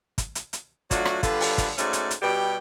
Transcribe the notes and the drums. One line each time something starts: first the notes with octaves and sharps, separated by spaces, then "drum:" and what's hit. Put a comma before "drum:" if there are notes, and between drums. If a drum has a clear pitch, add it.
drum: kick, hi-hat
drum: hi-hat
drum: hi-hat
F#3 A3 D4 F4 F#4, drum: kick, hi-hat
drum: rim click
D3 G3 F4 A4 B4, drum: kick, hi-hat
drum: open hi-hat
drum: kick, hi-hat
G#2 A3 C#4 F#4 D5, drum: hi-hat
drum: hi-hat
drum: hi-hat
B2 G3 G4 G5